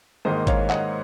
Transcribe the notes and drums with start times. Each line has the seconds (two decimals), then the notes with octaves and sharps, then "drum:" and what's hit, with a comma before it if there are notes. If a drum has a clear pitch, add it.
0.25 G#1 G#2 D#3 A#3 C5 D#5
0.47 C#5 F5, drum: kick G#1, hi-hat
0.70 D#5 F#5, drum: clap